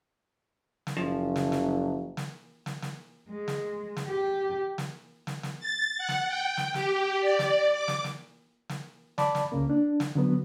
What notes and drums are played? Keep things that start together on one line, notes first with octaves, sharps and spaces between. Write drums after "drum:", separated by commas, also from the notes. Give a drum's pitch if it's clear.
drum: snare
F#1 F3
drum: snare
drum: snare
drum: snare
drum: snare
drum: snare
G#3
drum: snare
drum: snare
G4
drum: snare
drum: snare
drum: snare
A6
F#5
drum: snare
G5
drum: snare
G4, drum: snare
D5
drum: snare
D6
drum: snare
drum: snare
drum: snare
D5 A5 B5 D6, drum: snare
drum: snare
C#2 C#3 A#3
D4
drum: snare
D3 F#3 B3